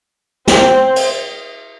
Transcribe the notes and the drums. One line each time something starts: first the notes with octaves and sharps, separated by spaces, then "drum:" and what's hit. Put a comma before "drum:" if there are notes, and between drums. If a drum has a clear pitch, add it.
C4, drum: snare
drum: cymbal